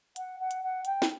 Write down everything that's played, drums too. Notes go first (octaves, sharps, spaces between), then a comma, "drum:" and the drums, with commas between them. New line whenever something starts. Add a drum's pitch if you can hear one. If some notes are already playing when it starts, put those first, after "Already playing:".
F#5, drum: hi-hat
F#5
drum: hi-hat
F#5
G5, drum: hi-hat
drum: snare